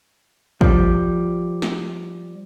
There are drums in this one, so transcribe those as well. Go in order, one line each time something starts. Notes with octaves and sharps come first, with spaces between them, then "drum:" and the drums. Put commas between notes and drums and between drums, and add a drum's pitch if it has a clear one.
F3 G3, drum: kick
drum: snare